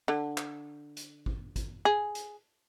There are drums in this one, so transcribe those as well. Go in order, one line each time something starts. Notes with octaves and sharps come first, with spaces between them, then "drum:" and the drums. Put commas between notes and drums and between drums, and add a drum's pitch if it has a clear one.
D3
drum: clap
drum: hi-hat
drum: kick G#1
drum: kick G#1, hi-hat
G#4
drum: hi-hat